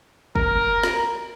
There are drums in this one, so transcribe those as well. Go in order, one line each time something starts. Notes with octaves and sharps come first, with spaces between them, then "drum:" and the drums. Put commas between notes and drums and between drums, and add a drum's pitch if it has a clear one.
A#4, drum: kick
drum: snare